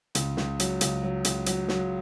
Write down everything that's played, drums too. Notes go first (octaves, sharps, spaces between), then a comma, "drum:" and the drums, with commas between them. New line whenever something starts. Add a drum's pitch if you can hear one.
C#2, drum: hi-hat
C#2, drum: snare
F#3, drum: hi-hat
C#2, drum: hi-hat
F#3
C#2, drum: hi-hat
F#3, drum: hi-hat
F#3, drum: snare